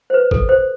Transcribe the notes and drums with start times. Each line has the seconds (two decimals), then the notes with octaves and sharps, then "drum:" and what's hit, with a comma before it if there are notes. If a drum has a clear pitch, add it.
0.10 C5
0.14 B4
0.31 A4, drum: kick
0.49 C5